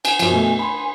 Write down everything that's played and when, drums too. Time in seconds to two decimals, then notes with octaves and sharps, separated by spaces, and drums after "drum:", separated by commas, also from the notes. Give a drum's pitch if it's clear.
0.05 G#5, drum: cymbal
0.19 F#2 F3, drum: cymbal
0.31 B2 A3
0.59 G#5 B5 C6